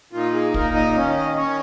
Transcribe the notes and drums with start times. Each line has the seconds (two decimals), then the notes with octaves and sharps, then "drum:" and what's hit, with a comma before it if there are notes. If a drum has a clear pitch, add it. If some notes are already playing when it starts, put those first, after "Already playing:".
0.12 A#2 A#3 D#4 F4
0.34 G#4
0.54 A#2 A#3 D#4 A#4, drum: kick
0.75 D#5
0.96 D#3 C#4
1.17 D#5
1.37 D#3 C#4 C#5